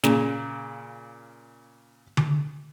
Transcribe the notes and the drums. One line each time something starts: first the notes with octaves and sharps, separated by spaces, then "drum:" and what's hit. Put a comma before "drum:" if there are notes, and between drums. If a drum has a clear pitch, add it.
A#2 C#3, drum: snare
drum: tom D3